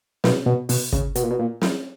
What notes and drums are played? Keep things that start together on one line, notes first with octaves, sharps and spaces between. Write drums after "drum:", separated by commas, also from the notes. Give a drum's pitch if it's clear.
B2, drum: snare
B2
B2, drum: open hi-hat
C#3, drum: kick
B2, drum: hi-hat
A#2
B2
A#2
drum: snare